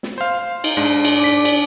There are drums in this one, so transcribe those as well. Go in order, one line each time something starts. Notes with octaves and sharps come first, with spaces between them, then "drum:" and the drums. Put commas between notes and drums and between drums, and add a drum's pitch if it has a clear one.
drum: snare
C5 F5
D#4, drum: cymbal
G#2 G#3 D4
drum: cymbal
D6 B6
drum: cymbal